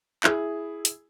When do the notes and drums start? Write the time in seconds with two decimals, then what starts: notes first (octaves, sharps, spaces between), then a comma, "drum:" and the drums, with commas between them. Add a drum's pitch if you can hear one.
0.24 E4 G#4, drum: clap
0.85 drum: hi-hat